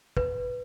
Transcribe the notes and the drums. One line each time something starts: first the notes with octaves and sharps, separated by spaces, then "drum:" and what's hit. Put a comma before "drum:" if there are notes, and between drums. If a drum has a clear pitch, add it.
B4, drum: kick